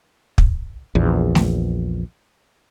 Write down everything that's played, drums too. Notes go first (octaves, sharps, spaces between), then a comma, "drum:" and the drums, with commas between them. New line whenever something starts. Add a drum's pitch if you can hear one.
drum: kick
A#1 E2
drum: snare A3